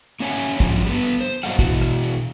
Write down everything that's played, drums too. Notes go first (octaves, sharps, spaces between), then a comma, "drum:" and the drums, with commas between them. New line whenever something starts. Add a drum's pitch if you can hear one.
A#3 C#4 C#5 E5 F#5 G#5
G#2 F3 A#3 F4, drum: kick, hi-hat
G3 B3
drum: hi-hat
C5, drum: hi-hat
G2 F#3 A#3 D#5 F5 F#5, drum: rim click
B2 E3 F#4, drum: kick, hi-hat
drum: rim click
drum: hi-hat